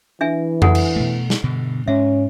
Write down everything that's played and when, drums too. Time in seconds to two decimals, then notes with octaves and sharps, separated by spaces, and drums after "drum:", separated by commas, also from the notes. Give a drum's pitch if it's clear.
0.21 E3 D4 E5 G#5
0.62 A4 F#5 G#5, drum: tom F2
0.75 drum: cymbal
0.96 B2 A3
1.30 drum: snare
1.43 G2 B2 D3
1.88 G#2 C#4 E5